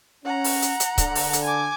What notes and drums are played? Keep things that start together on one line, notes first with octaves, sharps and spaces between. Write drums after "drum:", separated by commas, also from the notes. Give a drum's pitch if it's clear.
C#4 F#5 A#5
drum: open hi-hat
drum: hi-hat
drum: hi-hat
D3, drum: kick C#1, hi-hat
drum: open hi-hat
drum: hi-hat
G#5 D6